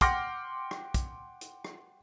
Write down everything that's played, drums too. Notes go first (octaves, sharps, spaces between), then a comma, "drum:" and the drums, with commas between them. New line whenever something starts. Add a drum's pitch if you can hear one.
F#5 G5 C6 D6 F6 A#6, drum: kick, hi-hat
drum: rim click
drum: kick, hi-hat
drum: hi-hat
drum: rim click